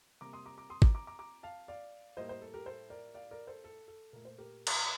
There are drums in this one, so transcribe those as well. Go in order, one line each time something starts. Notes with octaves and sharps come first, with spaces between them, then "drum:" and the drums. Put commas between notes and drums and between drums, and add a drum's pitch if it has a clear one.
C3 G3 A#3 A#5 D6
C6 D#6
A#5 D6
A#5 D6
C6 D#6
A#5 D6, drum: kick G#1
A#5 D6
A#5 D6
A#5 D6
F5 A5
D5 F5
A2 G3 A#3 C5 D#5
C5 D#5
A4
G4 A#4
A4 C5
A#4 D5
D5 F5
A#4 D5
A4 C5
A4
A4
A#2 A3 A#4
C5
G4 A#4
drum: cymbal